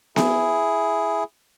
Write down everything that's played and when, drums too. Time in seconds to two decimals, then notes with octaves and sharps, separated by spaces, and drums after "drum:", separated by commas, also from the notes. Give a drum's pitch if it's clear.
0.16 E4 G#4, drum: snare B3